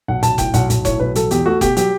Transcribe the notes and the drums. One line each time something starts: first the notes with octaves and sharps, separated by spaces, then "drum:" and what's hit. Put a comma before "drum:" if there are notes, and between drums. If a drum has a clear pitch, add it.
B1 F#5
B1 A5, drum: hi-hat
A2 G5, drum: kick F1, hi-hat
B1 F#5, drum: hi-hat
B1, drum: hi-hat
A2 C#5, drum: kick F1, hi-hat
B1 B4
F#3 A4, drum: hi-hat
E2 G4, drum: hi-hat
A3 F#4
B2 G4, drum: kick F1, hi-hat
F#3 G4, drum: hi-hat